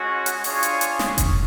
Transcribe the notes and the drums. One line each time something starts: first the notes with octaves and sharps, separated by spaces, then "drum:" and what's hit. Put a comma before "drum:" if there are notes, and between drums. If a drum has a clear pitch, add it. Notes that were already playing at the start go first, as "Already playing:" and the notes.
Already playing: G#3 C#4 F#4
drum: hi-hat
D4 F4 G#4 C#5, drum: open hi-hat
drum: hi-hat
drum: hi-hat
drum: snare
drum: kick F1, hi-hat